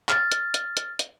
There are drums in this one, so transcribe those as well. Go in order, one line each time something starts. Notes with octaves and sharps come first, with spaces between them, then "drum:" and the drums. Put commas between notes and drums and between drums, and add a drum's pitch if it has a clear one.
F6 A6, drum: clap
drum: hi-hat
drum: hi-hat
drum: hi-hat
drum: hi-hat